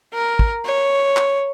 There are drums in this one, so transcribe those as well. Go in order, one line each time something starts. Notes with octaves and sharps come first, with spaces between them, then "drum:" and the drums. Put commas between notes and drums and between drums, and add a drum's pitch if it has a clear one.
A#4
drum: kick
C#5
drum: clap